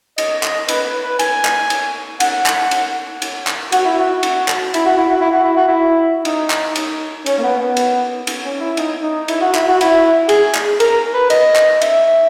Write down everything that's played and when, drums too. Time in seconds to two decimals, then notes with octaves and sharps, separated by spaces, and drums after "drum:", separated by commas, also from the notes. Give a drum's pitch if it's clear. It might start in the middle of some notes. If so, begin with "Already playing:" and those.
0.18 D#5, drum: cymbal
0.43 D#5, drum: clap
0.69 B4, drum: cymbal
0.86 B4
1.03 B4
1.19 G#5, drum: cymbal
1.45 drum: clap
1.70 drum: cymbal
2.20 F#5, drum: cymbal
2.46 drum: clap
2.71 drum: cymbal
3.22 drum: cymbal
3.47 drum: clap
3.72 F#4, drum: cymbal
3.85 E4
3.99 F#4
4.23 drum: cymbal
4.48 drum: clap
4.74 E4, drum: cymbal
4.86 F#4
4.98 E4
5.09 F#4
5.21 E4
5.32 F#4
5.44 E4
5.57 F#4
5.68 E4
6.25 D#4, drum: cymbal
6.50 drum: clap
6.76 drum: cymbal
7.26 C#4, drum: cymbal
7.38 A#3
7.43 B3
7.60 B3
7.77 drum: cymbal
8.27 drum: cymbal
8.45 C#4
8.60 E4
8.77 D#4, drum: cymbal
9.03 D#4
9.28 E4, drum: cymbal
9.41 F#4
9.55 E4, drum: clap
9.68 F#4
9.81 E4, drum: cymbal
10.29 G#4, drum: cymbal
10.55 drum: clap
10.80 A#4, drum: cymbal
11.14 B4
11.30 D#5, drum: cymbal
11.56 drum: clap
11.82 E5, drum: cymbal